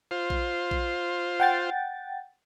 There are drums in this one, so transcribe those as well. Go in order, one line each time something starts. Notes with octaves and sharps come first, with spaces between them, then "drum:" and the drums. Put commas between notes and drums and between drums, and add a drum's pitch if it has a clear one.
F4 C5
drum: kick A#1
drum: kick A#1
F#5 G5 A6